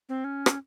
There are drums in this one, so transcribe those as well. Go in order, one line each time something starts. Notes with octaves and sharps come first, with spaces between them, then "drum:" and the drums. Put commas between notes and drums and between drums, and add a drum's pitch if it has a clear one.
C4
C#4
drum: rim click